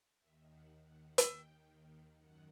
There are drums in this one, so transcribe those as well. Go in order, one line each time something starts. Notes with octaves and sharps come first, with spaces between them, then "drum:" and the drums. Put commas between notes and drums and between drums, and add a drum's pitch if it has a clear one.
D#2 D#3 E5
F#5
D#2 D#3 F#5
G5, drum: hi-hat
D#2 D#3
F#2 D#3 F#5